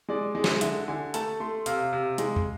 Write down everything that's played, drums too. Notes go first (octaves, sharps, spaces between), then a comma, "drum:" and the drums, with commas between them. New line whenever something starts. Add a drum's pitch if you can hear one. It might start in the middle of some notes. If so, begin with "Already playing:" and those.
G#3 D5
G#3
drum: snare
D3 E5, drum: hi-hat
D3 G#5
A3 A5, drum: hi-hat
A3 C6
C3 F5, drum: hi-hat
C3
G#3, drum: hi-hat
drum: tom